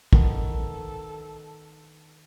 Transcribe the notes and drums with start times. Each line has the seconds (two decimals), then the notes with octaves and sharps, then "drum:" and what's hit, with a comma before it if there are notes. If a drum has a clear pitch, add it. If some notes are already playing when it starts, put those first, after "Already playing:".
0.13 D#3 B3 A4, drum: kick